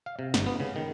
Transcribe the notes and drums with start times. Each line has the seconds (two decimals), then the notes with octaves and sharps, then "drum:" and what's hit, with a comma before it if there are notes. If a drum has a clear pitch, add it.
0.06 F5
0.19 C3
0.34 G1, drum: snare
0.46 B3
0.60 C#3
0.76 D#3